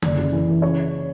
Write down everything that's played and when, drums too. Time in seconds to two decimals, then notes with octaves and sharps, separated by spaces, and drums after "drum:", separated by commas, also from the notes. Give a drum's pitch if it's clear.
0.02 F#1 D5, drum: tom
0.17 C#3
0.32 E3
0.48 E3
0.62 C#3 C#5